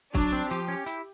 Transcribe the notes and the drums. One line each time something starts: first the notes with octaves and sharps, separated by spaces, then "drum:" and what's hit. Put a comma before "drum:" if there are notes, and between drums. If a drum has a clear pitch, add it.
F#3 D4, drum: kick, hi-hat
C4
F3 G4, drum: hi-hat
C#4
E4, drum: hi-hat